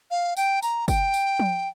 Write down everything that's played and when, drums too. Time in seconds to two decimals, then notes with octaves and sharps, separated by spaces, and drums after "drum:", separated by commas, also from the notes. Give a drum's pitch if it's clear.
0.11 F5
0.37 G5, drum: tambourine
0.62 A#5, drum: tambourine
0.88 G5, drum: kick, tambourine
1.14 drum: tambourine
1.40 drum: tom F3